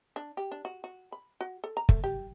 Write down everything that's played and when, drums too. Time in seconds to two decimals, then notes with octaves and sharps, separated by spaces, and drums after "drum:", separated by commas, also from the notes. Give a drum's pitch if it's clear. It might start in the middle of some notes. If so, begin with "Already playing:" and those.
0.16 D4
0.37 G4
0.52 D4
0.65 F#4
0.84 F#4
1.12 B5
1.41 F#4
1.64 A4
1.77 A#5
1.89 A3, drum: kick
2.04 G4